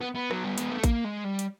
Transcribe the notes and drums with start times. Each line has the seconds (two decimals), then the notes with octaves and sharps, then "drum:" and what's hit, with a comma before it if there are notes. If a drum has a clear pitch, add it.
0.01 B3
0.15 B3
0.31 F#3, drum: rim click
0.44 G3
0.58 G#3, drum: hi-hat
0.70 A3
0.84 A#3, drum: kick A1, hi-hat
1.05 G#3
1.25 G3
1.39 drum: hi-hat